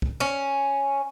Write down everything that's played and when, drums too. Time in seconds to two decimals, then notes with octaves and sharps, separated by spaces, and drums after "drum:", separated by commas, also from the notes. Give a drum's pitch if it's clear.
0.02 drum: kick B1
0.20 C#4